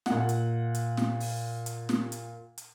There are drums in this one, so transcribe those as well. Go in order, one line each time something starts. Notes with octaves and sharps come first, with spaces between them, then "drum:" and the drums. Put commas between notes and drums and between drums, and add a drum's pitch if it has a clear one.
A#2 F#5, drum: snare
drum: hi-hat
drum: hi-hat
drum: snare
drum: open hi-hat
drum: hi-hat
drum: snare
drum: hi-hat
drum: hi-hat